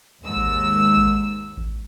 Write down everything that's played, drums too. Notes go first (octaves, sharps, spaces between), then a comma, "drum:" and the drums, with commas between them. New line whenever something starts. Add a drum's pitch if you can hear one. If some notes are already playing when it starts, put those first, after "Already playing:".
D#2 G#2 E6
drum: kick A1
drum: kick A1
drum: kick A1